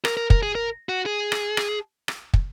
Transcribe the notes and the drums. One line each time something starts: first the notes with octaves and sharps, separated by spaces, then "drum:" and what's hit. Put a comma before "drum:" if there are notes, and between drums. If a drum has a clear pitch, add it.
A#4, drum: rim click
A#4
A#4, drum: kick
G#4
A#4
F#4
G#4
drum: rim click
drum: rim click
drum: rim click
drum: kick